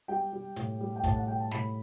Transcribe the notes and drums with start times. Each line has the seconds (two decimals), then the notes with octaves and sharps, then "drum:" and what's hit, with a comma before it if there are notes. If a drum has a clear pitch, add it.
0.08 G3 G5
0.33 G3
0.56 A2, drum: hi-hat
0.80 G3
0.96 G5
1.04 A2 A5, drum: kick, hi-hat
1.16 F#5
1.28 G3 G5
1.40 A5
1.51 A2 B5, drum: snare